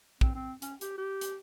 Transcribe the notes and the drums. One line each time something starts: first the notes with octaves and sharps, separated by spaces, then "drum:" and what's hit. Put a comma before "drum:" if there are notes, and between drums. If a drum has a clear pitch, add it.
C4, drum: kick
C4
C#4, drum: hi-hat
G4, drum: hi-hat
G4
drum: hi-hat